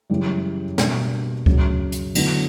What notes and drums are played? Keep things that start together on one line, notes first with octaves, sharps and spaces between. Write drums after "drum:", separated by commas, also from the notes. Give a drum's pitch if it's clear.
F#2 C#3 E3 G3
B2 G3 A#3 D4, drum: snare
F#2 C#3 F#3, drum: kick C#2
drum: hi-hat
D3 F#3 B3 E4, drum: cymbal